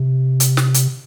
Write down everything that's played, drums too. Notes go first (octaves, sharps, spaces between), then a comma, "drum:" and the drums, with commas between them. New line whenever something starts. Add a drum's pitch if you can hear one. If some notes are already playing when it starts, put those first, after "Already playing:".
Already playing: C3
drum: hi-hat
drum: snare
drum: hi-hat